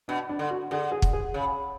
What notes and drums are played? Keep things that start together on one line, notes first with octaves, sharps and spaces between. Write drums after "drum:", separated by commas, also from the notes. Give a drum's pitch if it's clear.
B2 D4
D4
D3
F#4
D3 G#4
G#4
drum: kick
G#4
C#3